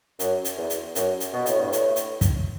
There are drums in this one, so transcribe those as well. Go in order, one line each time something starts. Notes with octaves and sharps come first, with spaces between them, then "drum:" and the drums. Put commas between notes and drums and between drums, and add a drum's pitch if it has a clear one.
F#2, drum: hi-hat
drum: hi-hat
E2
drum: hi-hat
F#2, drum: hi-hat
drum: hi-hat
B2
A2, drum: hi-hat
G2
A2, drum: hi-hat
drum: hi-hat
drum: kick, hi-hat